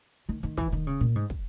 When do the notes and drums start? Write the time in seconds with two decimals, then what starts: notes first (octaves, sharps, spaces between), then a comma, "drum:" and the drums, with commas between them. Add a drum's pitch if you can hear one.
0.29 D#3
0.43 D#3
0.57 E3, drum: kick
0.72 D#3
0.87 C#3
1.01 A#2
1.16 G#2
1.30 drum: kick